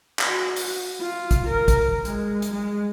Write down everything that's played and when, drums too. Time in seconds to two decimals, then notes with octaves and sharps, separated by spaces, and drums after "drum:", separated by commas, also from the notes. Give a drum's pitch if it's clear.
0.19 drum: clap
0.29 F#4
0.56 drum: open hi-hat
1.01 F4
1.31 drum: kick, hi-hat
1.47 A#4
1.68 drum: kick, hi-hat
2.05 G#3, drum: hi-hat
2.42 drum: hi-hat
2.52 G#3